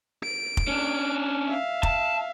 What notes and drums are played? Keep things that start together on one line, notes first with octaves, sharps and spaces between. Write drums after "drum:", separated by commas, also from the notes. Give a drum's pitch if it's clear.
D7
drum: kick F1
C#4 D4
E5 F5
A5, drum: kick F1